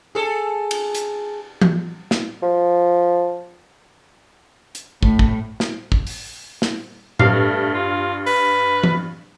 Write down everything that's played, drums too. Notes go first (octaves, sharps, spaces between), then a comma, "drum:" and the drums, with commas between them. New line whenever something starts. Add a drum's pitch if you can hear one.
G#4 A4
drum: cymbal
drum: hi-hat
drum: tom E3
drum: snare
F3
drum: hi-hat
A2, drum: kick
drum: kick
drum: snare
drum: kick
drum: open hi-hat
drum: snare
G2 F5, drum: tom A2
A3
F4
B4, drum: open hi-hat
drum: tom E3